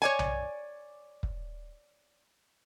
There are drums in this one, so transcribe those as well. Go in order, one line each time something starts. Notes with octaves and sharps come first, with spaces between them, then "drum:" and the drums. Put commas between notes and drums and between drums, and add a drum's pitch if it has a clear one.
C#5 D5 G#5
drum: tom B1
drum: kick